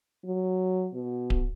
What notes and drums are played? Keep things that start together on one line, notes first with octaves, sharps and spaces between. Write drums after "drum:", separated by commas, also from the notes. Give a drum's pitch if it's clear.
F#3
B2
drum: kick D1